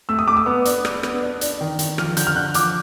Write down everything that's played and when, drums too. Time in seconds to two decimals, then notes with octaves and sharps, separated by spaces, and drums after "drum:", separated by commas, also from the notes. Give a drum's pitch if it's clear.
0.09 A3 E6
0.19 D#6
0.28 A3 D6
0.37 D#6
0.46 B3
0.65 D4, drum: hi-hat
0.85 D4, drum: rim click
1.03 B3, drum: rim click
1.23 D4
1.41 D4, drum: hi-hat
1.61 D#3
1.79 D#3, drum: hi-hat
1.98 F3 F6, drum: rim click
2.17 D3 G6, drum: hi-hat
2.27 F6
2.35 D3 F#6
2.54 F3 D6, drum: hi-hat